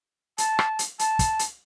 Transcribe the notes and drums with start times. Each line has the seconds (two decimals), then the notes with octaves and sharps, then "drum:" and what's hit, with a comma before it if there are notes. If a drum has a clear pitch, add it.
0.38 A5, drum: hi-hat
0.59 drum: rim click
0.79 drum: hi-hat
0.99 A5, drum: hi-hat
1.19 drum: kick, hi-hat
1.39 drum: hi-hat